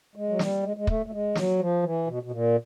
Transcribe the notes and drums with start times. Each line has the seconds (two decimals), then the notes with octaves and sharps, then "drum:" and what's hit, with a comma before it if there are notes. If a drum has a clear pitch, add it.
0.16 G#3
0.30 F#3
0.39 G3, drum: snare
0.63 G#3
0.77 G#3
0.87 A3, drum: kick
1.06 A3
1.11 G#3
1.35 F#3, drum: snare
1.59 F3
1.83 E3
2.07 B2
2.23 B2
2.31 A#2